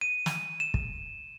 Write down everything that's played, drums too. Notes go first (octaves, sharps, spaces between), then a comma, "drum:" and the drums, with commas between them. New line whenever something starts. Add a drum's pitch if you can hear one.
D#7
drum: snare
E7
drum: kick